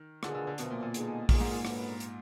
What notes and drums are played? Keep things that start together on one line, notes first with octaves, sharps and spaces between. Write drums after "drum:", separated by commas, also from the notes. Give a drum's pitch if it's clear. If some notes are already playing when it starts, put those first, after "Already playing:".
Already playing: D#3
B2 D3 A#3 F4 G#4, drum: rim click
D3
D3
F#2 B2 F3 A#3, drum: hi-hat
A#2
A#2
D3 G#3 B3 D#4 G#4, drum: hi-hat
A#2 D#3 A#3 F4 G#4, drum: kick A#1, open hi-hat
G#2
A#2
D#2 D3 F#3 B3, drum: rim click
drum: hi-hat